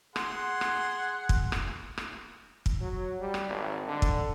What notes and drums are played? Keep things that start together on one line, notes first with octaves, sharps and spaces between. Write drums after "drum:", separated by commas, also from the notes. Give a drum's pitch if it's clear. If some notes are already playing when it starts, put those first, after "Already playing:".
G#4 F#5 C6, drum: rim click
drum: rim click
drum: kick
drum: rim click
drum: rim click
drum: kick
F#3
G3
drum: rim click
G#1
D3
drum: kick